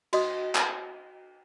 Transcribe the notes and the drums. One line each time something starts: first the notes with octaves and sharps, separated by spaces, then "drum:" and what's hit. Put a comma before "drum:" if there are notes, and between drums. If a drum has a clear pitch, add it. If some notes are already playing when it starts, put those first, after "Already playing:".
F#4 D#5 D#6, drum: cymbal
drum: clap